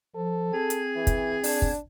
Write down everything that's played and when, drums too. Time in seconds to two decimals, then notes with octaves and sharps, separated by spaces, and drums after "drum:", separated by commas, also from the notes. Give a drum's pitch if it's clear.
0.15 F3 A4
0.53 C4 G#4 G#6
0.70 drum: hi-hat
0.96 E3
1.07 drum: kick, hi-hat
1.44 D4, drum: open hi-hat
1.62 drum: kick